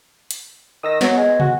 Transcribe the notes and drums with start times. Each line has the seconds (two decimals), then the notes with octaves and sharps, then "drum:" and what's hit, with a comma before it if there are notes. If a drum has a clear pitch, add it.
0.31 drum: hi-hat
0.83 D#3 D#6 E6 A#6
1.01 F#3 B3, drum: snare
1.17 G#3
1.40 F#4, drum: tom